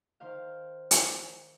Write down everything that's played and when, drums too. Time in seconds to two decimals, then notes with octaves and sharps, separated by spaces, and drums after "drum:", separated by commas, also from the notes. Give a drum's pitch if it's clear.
0.20 D#3 C5 F5
0.91 drum: hi-hat